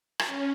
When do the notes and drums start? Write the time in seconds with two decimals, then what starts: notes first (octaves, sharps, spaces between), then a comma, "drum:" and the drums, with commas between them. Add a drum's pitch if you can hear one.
0.19 C#4, drum: rim click